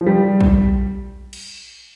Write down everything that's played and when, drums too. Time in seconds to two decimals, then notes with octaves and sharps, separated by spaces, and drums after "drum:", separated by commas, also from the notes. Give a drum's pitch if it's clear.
0.01 F3
0.06 G3
0.41 drum: kick
1.33 drum: cymbal